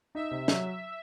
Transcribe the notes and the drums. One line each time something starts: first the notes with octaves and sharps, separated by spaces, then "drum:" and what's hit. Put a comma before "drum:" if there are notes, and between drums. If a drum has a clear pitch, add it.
D#4 E5
C3
F#3, drum: snare